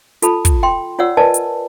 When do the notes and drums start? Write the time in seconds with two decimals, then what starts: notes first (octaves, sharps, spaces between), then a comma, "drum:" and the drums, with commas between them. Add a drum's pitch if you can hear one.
0.22 F4 A4 A5 B5, drum: hi-hat
0.45 drum: kick, hi-hat
0.63 G5 C6
0.99 F4 C#5 D5 F#5 E6
1.17 A#4 B4 D5 D#5 G#5 A5
1.34 drum: hi-hat